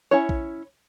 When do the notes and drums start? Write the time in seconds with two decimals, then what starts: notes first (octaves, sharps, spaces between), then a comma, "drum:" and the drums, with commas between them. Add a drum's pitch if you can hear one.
0.11 C#4 E4 C#5
0.29 drum: kick A#1